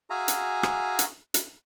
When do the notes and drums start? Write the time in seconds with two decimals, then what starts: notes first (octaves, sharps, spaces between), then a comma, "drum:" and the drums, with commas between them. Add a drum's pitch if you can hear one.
0.10 F#4 G#4 E5 F5 G#5 A#5
0.28 drum: hi-hat
0.63 drum: rim click
0.99 drum: hi-hat
1.34 drum: hi-hat